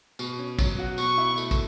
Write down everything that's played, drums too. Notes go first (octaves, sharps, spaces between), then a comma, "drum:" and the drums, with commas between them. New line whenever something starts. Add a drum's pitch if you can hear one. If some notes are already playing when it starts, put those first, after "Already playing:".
B2, drum: tambourine
C#4
F#3, drum: kick, tambourine
F#4
B2 C#6, drum: tambourine
E4
A3, drum: tambourine
drum: kick, tambourine